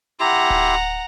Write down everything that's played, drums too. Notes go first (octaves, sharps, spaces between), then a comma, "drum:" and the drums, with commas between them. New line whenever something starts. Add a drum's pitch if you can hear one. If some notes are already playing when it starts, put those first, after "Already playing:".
E4 G4 F#5 A#5 C6
drum: kick D1